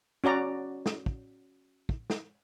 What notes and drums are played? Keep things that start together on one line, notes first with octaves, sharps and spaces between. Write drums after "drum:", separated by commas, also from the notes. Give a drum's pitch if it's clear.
C#4 F#4 D5 A#5
drum: snare
drum: kick
drum: kick
drum: snare